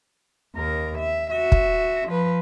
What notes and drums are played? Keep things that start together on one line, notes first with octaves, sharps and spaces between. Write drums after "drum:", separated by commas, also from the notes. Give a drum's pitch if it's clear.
D#2 A#4
E5
F#4 E5
drum: kick
F3 B4